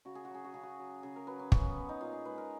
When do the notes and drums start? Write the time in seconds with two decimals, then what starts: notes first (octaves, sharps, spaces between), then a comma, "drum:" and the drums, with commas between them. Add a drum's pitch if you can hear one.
0.05 C#3 F#4
0.15 G#4
0.25 F#4
0.31 F#3 G#4
0.45 F#4
0.54 C#3 G#4
0.63 F#4
0.79 F#3
1.03 C#3 G#4
1.16 A#4
1.27 F#3 B4
1.39 C#4
1.52 C#3 C#4, drum: kick
1.65 B3
1.76 F#3 B3
1.89 D#4
2.01 A#2 F4
2.13 G#4
2.25 G#3 B4
2.38 A#4